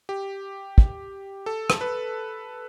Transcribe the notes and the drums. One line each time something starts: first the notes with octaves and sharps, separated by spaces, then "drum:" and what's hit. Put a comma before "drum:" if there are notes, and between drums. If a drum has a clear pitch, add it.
G4
drum: kick
A4
drum: rim click
B4